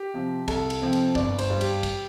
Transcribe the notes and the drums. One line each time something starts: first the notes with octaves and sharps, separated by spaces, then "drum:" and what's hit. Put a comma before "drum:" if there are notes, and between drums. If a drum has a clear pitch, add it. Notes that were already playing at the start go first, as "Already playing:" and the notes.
Already playing: G4
C3 F3 C4
C2 A4, drum: kick, cymbal
drum: cymbal
C3 F3 C4
drum: cymbal
G1 D5, drum: kick
C5, drum: cymbal
G2 G3 D4
G4, drum: cymbal
drum: kick, cymbal